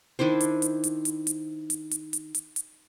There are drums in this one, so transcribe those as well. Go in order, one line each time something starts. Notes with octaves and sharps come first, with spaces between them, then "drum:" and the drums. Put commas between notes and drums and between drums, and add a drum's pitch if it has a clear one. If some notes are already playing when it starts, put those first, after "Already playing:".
D#3 D4 E4 C5
drum: hi-hat
drum: hi-hat
drum: hi-hat
drum: hi-hat
drum: hi-hat
drum: hi-hat
drum: hi-hat
drum: hi-hat
drum: hi-hat
drum: hi-hat